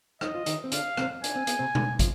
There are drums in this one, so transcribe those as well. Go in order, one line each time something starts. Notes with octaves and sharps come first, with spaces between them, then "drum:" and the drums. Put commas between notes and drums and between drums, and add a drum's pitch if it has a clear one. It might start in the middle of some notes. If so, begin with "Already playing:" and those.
D#4 D#5, drum: rim click
F4
D#3 D#4, drum: hi-hat
C4
D3 D4 F5, drum: hi-hat
C3 C4, drum: rim click
D4 G#5, drum: hi-hat
C4
B3, drum: hi-hat
C3 C4
D3 D4, drum: tom B2
F3, drum: kick, hi-hat